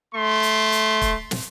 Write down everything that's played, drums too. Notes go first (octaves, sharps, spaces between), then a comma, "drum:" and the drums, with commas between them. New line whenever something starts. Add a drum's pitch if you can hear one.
A3 C6
drum: hi-hat
drum: hi-hat
drum: kick, hi-hat
drum: snare